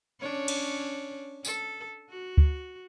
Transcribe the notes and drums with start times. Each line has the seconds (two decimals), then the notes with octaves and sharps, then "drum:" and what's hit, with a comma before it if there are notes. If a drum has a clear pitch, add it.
0.20 C#4 D4 C#5
0.48 drum: cymbal
1.45 A4, drum: tambourine
2.10 F#4
2.38 drum: kick D2